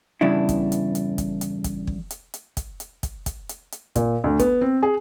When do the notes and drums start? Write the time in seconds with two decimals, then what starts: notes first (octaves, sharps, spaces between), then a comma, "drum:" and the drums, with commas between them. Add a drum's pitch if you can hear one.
0.21 E2 G2 C#3 D4 E4
0.49 drum: kick, hi-hat
0.72 drum: hi-hat
0.95 drum: hi-hat
1.18 drum: kick, hi-hat
1.41 drum: hi-hat
1.64 drum: kick, hi-hat
1.87 drum: kick
2.11 drum: hi-hat
2.34 drum: hi-hat
2.57 drum: kick, hi-hat
2.80 drum: hi-hat
3.03 drum: kick, hi-hat
3.26 drum: kick, hi-hat
3.49 drum: hi-hat
3.72 drum: hi-hat
3.96 A#2, drum: kick, hi-hat
4.24 D2
4.39 B3, drum: kick, hi-hat
4.61 C4
4.83 G#4